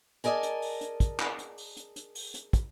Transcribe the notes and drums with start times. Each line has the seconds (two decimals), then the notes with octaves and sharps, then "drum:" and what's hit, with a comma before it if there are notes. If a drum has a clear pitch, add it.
0.24 G#4 A#4 D5 D#5 G#5 A5, drum: hi-hat
0.43 drum: hi-hat
0.62 drum: open hi-hat
0.81 drum: hi-hat
1.00 drum: kick, hi-hat
1.19 drum: clap
1.39 drum: hi-hat
1.58 drum: open hi-hat
1.77 drum: hi-hat
1.96 drum: hi-hat
2.15 drum: open hi-hat
2.34 drum: hi-hat
2.53 drum: kick, hi-hat